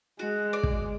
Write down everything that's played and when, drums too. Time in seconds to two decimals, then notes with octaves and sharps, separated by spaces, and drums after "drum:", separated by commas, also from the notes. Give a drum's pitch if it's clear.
0.19 G#3 F#4
0.53 D5
0.63 drum: kick